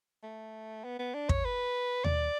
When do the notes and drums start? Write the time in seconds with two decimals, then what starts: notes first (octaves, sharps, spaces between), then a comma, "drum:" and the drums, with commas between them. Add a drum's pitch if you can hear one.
0.23 A3
0.84 B3
0.99 B3
1.14 D4
1.29 C#5, drum: kick
1.45 B4
2.04 D5, drum: tom D#2